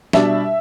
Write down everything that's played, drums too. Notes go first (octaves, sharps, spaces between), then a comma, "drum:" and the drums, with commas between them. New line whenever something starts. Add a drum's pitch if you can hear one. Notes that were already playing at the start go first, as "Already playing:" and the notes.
B2 G3 D4 E5, drum: snare